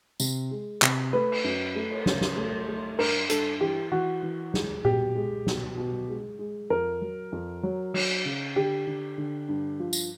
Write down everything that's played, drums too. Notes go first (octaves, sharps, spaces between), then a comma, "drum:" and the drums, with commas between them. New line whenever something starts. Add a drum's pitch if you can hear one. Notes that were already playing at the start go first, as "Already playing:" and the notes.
C3, drum: tambourine
G#3
C3, drum: clap
A3 B4
drum: cymbal
F#2
A3
drum: cymbal
C#3, drum: snare
drum: snare
A3
A3
G2 A#4, drum: cymbal
G2 A4, drum: hi-hat
E3 G4
E3 F#4
E3
G#3, drum: snare
B2 G4, drum: tom A#2
G#3
B2, drum: snare
B2
G#3
G#3
F2 A#4
F#3
F2
F#3
F#3, drum: cymbal
C#3
D3 G4
D3
D3
G2
F3
drum: tambourine